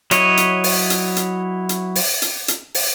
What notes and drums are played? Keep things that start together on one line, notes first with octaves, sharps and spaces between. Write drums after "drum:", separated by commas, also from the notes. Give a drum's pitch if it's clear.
F#3 E4 C#5 D#5, drum: hi-hat
drum: hi-hat
drum: open hi-hat
drum: hi-hat
drum: hi-hat
drum: hi-hat
drum: open hi-hat
drum: hi-hat
drum: hi-hat
drum: open hi-hat